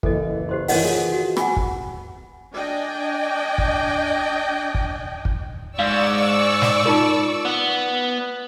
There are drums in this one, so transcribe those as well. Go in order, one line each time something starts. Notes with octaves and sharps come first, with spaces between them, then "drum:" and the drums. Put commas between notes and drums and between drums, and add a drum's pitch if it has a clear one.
F#1 E3 A4 D#5, drum: kick
G4 C5 C6
D#3 E3 C#5 D#5 F#5, drum: open hi-hat
F4 G#4
F#4
F#5 G#5 B5, drum: rim click
drum: kick
D4 D5 D#5 G5 G#5
drum: kick
drum: kick
drum: kick
G#2 D5 F5 C#6 E6
drum: snare
D#4 F4 A#4
B3